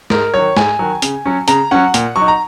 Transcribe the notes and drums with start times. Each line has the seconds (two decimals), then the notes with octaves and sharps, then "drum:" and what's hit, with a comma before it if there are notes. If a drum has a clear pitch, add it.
0.10 G#2 A#4, drum: snare
0.34 D#3 F#3 C#5
0.57 G#2 G#5, drum: snare
0.79 D#3 F#3
1.02 C#3, drum: hi-hat
1.26 F#3 C#4
1.48 C#3 A#5, drum: hi-hat
1.71 F#3 C#4 F#5
1.94 A#2, drum: hi-hat
2.16 F#3 C#6
2.21 D#4
2.28 A#5